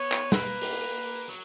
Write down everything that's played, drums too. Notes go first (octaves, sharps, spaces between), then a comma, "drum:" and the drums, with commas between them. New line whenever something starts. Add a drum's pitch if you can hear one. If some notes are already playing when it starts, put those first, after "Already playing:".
Already playing: B3 C#5
drum: clap
A#3 B4, drum: snare
drum: open hi-hat
F#3